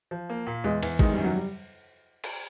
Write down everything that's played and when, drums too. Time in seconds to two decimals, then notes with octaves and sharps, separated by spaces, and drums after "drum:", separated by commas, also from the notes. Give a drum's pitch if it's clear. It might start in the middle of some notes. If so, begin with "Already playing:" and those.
0.11 F3
0.30 A#3
0.47 A#2
0.64 E2 G#3
0.83 E2, drum: cymbal
0.99 D#3 G#3, drum: kick
1.12 G3
1.17 F#2
1.24 F#3
1.35 G3
2.24 drum: cymbal